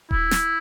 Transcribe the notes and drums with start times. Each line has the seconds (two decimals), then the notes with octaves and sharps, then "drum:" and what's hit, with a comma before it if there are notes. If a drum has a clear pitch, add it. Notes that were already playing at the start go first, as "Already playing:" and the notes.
0.11 E4, drum: kick D#1
0.31 drum: snare